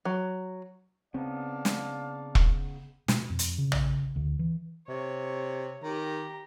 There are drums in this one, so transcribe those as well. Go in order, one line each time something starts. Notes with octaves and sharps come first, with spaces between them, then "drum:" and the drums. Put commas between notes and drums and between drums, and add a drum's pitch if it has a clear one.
F#3
C#3 B3 C4 D#4 D5 F5 A5
drum: snare
drum: kick E1
B2, drum: snare
F2
drum: hi-hat
C#3
drum: tom
D2
E3
C3 C#5
D#3 G4 A#5